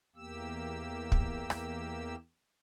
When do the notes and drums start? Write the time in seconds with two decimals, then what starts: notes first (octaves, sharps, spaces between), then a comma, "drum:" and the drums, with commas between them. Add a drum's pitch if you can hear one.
0.16 E2 A#3 G4 E6
1.12 drum: kick
1.50 drum: rim click